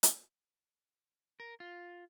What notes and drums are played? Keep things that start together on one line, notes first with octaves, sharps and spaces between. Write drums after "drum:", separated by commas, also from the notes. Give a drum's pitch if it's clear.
drum: hi-hat
A#4
F4